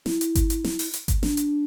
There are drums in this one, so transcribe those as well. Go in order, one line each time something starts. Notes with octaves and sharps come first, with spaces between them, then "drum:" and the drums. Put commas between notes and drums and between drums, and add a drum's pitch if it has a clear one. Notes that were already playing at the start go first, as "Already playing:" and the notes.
E4, drum: snare
drum: hi-hat
drum: kick G1, hi-hat
drum: hi-hat
drum: snare
drum: open hi-hat
drum: hi-hat
drum: kick G1, hi-hat
D4, drum: snare
drum: hi-hat